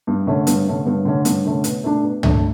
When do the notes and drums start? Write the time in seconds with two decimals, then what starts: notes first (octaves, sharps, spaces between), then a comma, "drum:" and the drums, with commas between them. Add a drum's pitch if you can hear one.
0.07 G2
0.27 D3 A3 C#4
0.47 G2, drum: hi-hat
0.66 D3 A3 C#4
0.86 G2
1.05 D3 A3 C#4
1.25 G2, drum: hi-hat
1.45 D3 A3 C#4
1.64 B2, drum: hi-hat
1.84 A3 D4
2.03 B2
2.23 A3 D4, drum: tom